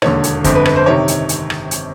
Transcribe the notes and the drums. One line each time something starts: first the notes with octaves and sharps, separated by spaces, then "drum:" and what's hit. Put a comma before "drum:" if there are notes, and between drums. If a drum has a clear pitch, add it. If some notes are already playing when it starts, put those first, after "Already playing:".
E1 D#2 D3 C#5, drum: rim click
drum: hi-hat
G1 F2 D3 C5, drum: kick, hi-hat
B4
B4, drum: rim click
C5
C3 D#3 C#5
drum: hi-hat
drum: hi-hat
drum: rim click
drum: hi-hat